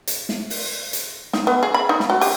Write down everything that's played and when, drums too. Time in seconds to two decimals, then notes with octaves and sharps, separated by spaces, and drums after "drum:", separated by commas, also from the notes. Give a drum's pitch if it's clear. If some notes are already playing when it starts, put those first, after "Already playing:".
0.07 drum: hi-hat
0.29 drum: snare
0.50 drum: open hi-hat
0.93 drum: hi-hat
1.33 D#4, drum: snare
1.47 B3
1.63 G#4
1.74 B5
1.89 D#4
2.00 drum: snare
2.10 F#4
2.21 G4, drum: open hi-hat